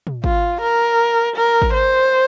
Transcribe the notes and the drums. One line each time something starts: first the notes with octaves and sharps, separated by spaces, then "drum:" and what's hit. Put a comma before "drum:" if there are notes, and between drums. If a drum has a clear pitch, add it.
drum: tom
F4, drum: kick G#1
A#4
A#4
drum: kick G#1
C5